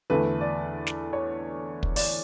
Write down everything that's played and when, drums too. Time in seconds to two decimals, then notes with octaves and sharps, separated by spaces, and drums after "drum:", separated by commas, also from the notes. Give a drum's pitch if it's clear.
0.10 E2 D3 A3 B4
0.41 D5
0.87 drum: snare
1.13 C#5
1.83 drum: kick
1.96 D5, drum: open hi-hat